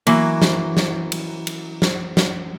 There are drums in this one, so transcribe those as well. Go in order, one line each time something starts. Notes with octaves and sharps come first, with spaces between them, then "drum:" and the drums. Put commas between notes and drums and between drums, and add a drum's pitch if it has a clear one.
E3 F#3 A#3, drum: cymbal
drum: snare
drum: snare
drum: cymbal
drum: cymbal
drum: snare
drum: snare